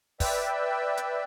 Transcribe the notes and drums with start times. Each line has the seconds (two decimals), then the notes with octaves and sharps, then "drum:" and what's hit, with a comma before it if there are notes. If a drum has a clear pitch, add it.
0.20 B4 D5 E5 G5, drum: kick, open hi-hat
0.97 drum: hi-hat